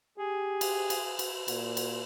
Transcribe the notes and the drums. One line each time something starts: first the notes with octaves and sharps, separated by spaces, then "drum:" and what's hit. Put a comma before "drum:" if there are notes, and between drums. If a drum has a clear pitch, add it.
G4 G#4
drum: cymbal
drum: cymbal
drum: cymbal
A#2, drum: cymbal
drum: cymbal